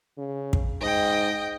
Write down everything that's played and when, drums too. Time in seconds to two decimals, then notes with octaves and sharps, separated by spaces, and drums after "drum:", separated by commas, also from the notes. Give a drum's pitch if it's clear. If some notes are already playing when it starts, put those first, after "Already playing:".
0.18 C#3
0.53 drum: kick
0.82 G#2 D#5 G5